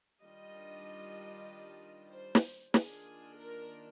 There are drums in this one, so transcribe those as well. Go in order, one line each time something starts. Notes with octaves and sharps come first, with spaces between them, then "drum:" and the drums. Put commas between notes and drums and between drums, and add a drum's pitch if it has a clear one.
D#3 G3 D4 F4 D#5
C5
drum: snare
D#3 A#3 D4 F4 G#4, drum: snare
A#4